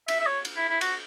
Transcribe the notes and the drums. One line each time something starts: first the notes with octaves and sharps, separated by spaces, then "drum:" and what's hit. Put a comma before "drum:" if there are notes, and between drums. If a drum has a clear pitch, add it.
E5, drum: cymbal
E5
C#5
drum: cymbal
E4
E4
F#4, drum: cymbal